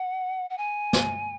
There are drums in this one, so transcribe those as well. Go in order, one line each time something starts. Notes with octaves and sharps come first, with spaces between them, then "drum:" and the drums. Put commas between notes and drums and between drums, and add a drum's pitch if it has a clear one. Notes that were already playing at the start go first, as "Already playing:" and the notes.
Already playing: F#5
F#5
G#5
drum: snare